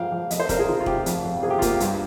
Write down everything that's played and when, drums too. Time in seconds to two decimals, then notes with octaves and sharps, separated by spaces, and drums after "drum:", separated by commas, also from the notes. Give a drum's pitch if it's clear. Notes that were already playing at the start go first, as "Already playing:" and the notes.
Already playing: F3 G#3 F5 G5 A#5
0.12 F3
0.31 F2 D#5, drum: hi-hat
0.40 C5
0.49 C3 A#4, drum: kick, hi-hat
0.59 G#4
0.69 D#3 F4
0.80 F4
0.86 C3 G4, drum: kick
1.06 F2, drum: hi-hat
1.24 F2
1.43 C3 G#4
1.50 G4
1.59 F4
1.62 A#3 G4, drum: kick, hi-hat
1.80 G2, drum: hi-hat